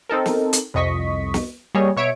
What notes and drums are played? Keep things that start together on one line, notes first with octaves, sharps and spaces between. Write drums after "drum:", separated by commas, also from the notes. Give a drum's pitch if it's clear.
C4 D#4 A4 A#4
drum: snare
drum: hi-hat
C2 F2 D#5 C#6 B6
drum: snare
G3 A#3 G#4 C#5 D#5
B2 C#5 E5 D7